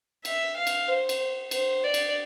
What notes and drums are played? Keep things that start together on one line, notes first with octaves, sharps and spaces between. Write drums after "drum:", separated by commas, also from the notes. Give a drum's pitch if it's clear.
E5, drum: cymbal
F5
drum: cymbal
C5
drum: cymbal
C5, drum: cymbal
D5
drum: cymbal